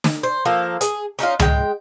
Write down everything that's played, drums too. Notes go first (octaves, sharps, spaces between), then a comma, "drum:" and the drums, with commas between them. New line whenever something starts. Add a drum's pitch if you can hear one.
drum: snare
C5
F3 A#3 A4
G#4, drum: hi-hat
C#4 D#4 F4 F5
G#3 G5, drum: tom C#2